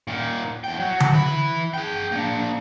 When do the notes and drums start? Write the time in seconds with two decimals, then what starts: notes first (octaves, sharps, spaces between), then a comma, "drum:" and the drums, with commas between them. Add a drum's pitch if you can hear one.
0.08 A#2 D#3
0.64 E2 G5
0.80 F#3
1.00 drum: tom D3
1.13 E3 B5
1.74 G#4 G5
2.12 A#3 D4